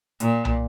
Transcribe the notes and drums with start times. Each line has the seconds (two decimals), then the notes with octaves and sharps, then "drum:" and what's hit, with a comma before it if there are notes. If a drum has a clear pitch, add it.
0.20 A#2, drum: hi-hat
0.45 drum: tom B1